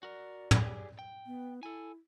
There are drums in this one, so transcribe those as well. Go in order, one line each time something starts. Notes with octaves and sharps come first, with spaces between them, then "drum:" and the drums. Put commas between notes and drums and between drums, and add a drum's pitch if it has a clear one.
F#4 A#4 D5
G4 G#4, drum: tom
G5
B3
E4 A4 G#5